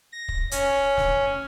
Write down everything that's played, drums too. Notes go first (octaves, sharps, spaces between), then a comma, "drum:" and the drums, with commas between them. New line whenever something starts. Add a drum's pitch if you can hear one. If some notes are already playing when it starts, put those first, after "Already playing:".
A#6
drum: kick
C#4, drum: hi-hat
drum: snare